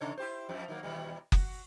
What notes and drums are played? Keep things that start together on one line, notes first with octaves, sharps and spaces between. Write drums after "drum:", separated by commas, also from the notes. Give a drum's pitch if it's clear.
C3 D4 C#5
E4 G4 C5
F2 F3 G3
D#3 F#3 A#3
D#2 B2 G3
F#4, drum: kick F#1